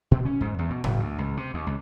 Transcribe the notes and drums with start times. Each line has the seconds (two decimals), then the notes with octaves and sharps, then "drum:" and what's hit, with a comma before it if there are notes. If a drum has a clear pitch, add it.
0.11 B2
0.25 C#4
0.41 G#2, drum: kick F2
0.59 E2
0.70 B2
0.84 F#1, drum: tom A2
1.00 D2
1.18 C#2
1.37 C3
1.54 D#2
1.67 C#2